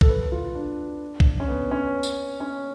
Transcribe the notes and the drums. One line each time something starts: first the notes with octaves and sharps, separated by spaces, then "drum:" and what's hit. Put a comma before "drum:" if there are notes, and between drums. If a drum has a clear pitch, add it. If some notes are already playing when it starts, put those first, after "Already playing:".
A4, drum: kick B1
B4
F4
D4
drum: kick B1
C#4
B3
C#4
drum: tambourine
C#4